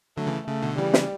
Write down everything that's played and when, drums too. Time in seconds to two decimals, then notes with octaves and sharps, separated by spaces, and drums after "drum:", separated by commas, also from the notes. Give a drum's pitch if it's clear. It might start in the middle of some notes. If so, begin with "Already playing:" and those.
0.17 D3 F#3 A3
0.27 C#3 E3
0.47 C#3 A3
0.63 B2 D3
0.78 C#3 E3 G3
0.94 drum: snare